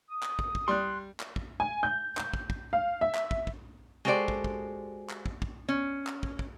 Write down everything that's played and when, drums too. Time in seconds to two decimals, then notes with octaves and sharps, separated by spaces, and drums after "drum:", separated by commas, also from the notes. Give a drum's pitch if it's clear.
0.10 D#6
0.23 drum: clap
0.39 drum: kick
0.55 drum: kick
0.68 G3 C6 F#6
1.20 drum: clap
1.36 drum: kick
1.60 G#5
1.83 G6
2.17 G6, drum: clap
2.33 drum: kick
2.50 drum: kick
2.73 F5
3.01 E5
3.15 drum: clap
3.31 drum: kick
3.47 drum: kick
4.05 G#3 F#4 G4 A4 C5 D5
4.28 drum: kick
4.44 drum: kick
5.09 drum: clap
5.26 drum: kick
5.42 drum: kick
5.68 C#4
6.07 drum: clap
6.23 drum: kick
6.39 drum: kick